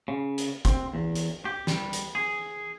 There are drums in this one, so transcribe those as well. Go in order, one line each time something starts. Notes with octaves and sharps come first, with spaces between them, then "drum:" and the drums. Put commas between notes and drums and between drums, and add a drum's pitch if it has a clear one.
C#3
drum: hi-hat
C4, drum: kick, hi-hat
E2
drum: hi-hat
G4
G3, drum: snare
drum: hi-hat
G#4